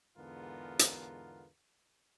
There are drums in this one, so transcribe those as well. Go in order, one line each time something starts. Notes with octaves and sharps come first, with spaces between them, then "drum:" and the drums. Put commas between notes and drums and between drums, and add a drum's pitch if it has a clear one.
E2 G#2 D3 B3 F4 A#4
drum: hi-hat